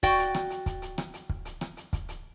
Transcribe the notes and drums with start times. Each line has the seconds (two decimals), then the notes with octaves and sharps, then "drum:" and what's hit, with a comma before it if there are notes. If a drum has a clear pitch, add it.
0.03 F#4 D5 G5, drum: kick, hi-hat
0.19 drum: hi-hat
0.34 drum: rim click
0.50 drum: hi-hat
0.66 drum: kick, hi-hat
0.82 drum: hi-hat
0.98 drum: rim click
1.14 drum: hi-hat
1.29 drum: kick
1.45 drum: hi-hat
1.61 drum: rim click
1.77 drum: hi-hat
1.93 drum: kick, hi-hat
2.09 drum: hi-hat